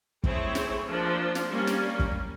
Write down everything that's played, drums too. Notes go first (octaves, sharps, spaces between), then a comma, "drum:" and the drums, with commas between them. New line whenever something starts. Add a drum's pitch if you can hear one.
A3 C4 E4 G#4 C#5, drum: kick
drum: snare
F3 A#3 D4
drum: snare
G3 A#3 C#4
drum: snare
drum: kick